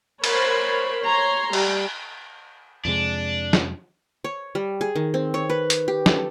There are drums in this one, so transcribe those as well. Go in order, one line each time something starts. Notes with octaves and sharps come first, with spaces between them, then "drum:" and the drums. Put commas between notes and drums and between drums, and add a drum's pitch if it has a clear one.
A#4 C5 C#5 B5, drum: cymbal
C#5 A#5 C6
G3, drum: cymbal
F2 C3 G#3 D4
drum: snare
C#5
G3
G#4
D#3
C4
C#5
B4
drum: hi-hat
G4
A4, drum: snare